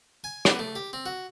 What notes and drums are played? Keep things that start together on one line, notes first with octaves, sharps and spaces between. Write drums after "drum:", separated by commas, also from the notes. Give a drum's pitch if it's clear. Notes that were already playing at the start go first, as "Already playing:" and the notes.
G#5
B3, drum: rim click
A3
G4
C4
F#4